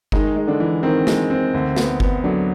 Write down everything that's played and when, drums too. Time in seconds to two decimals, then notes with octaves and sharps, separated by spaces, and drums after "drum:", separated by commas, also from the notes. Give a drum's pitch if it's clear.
0.12 D#3 G#3 D#4, drum: kick G1
0.36 G#3
0.47 D3 D4
0.60 E3
0.83 D#3 C4 D#4
1.07 G#3, drum: snare
1.30 C4
1.54 D2
1.76 B3, drum: snare
2.00 B3, drum: kick G1
2.24 D3 F#3 D4